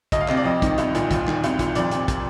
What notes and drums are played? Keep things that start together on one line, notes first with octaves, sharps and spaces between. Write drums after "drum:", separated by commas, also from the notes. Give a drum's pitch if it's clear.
D2 D#5, drum: kick, hi-hat
F5
C3 D#5, drum: clap
D5
F2 D#5
D#3, drum: kick, hi-hat
C2, drum: hi-hat
A#2, drum: hi-hat
D#2, drum: kick, hi-hat
D#3, drum: clap
C2, drum: hi-hat
A#2, drum: kick, hi-hat
F2 D5, drum: hi-hat
C3, drum: hi-hat
drum: kick, hi-hat